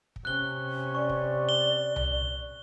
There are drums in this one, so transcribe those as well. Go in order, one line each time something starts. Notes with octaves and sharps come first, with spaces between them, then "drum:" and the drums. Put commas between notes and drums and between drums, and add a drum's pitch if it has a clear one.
drum: kick
C3 C#4 F#6 G7
D5 C#6
drum: kick
G7
drum: tom C2